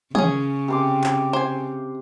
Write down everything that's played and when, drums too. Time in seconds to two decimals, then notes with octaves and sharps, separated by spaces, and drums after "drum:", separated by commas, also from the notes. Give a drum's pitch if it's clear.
0.15 C#3 C#4 G#4, drum: tom
0.68 C3 C6 D6
1.04 drum: clap
1.33 C5 G#5